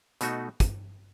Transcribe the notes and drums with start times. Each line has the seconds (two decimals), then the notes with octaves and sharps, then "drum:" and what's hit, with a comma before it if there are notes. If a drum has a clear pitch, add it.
0.21 B2 A3 D#4 F#4, drum: hi-hat
0.60 drum: kick, hi-hat